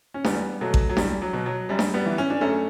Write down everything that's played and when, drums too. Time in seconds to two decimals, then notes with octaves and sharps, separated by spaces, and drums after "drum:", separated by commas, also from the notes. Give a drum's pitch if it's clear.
0.14 C#4
0.24 E2 G3 B3, drum: snare D4
0.61 B2 F#3 A3
0.74 drum: kick A1
0.89 F#3
0.97 E2 G3, drum: snare D4
1.22 F#3
1.33 B2
1.46 F#3
1.69 F#2 G3
1.79 drum: snare D4
1.94 G3 B3
2.06 E3
2.18 C#4
2.30 D4
2.41 F#2 A3 C#4